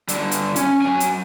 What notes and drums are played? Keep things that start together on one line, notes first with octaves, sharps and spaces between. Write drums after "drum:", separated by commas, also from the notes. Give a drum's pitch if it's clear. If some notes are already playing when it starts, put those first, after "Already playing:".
G2 D3, drum: hi-hat
drum: hi-hat
C#4, drum: hi-hat
F#3 G#5
drum: hi-hat